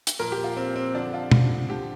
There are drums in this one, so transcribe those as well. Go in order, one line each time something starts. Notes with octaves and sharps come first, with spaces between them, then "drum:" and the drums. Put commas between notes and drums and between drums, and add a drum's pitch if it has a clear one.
drum: hi-hat
A#2 F3 A#4
G4
F4
C4
C4
F2 D3 F3 D4
F4
drum: tom
D3 F3 G4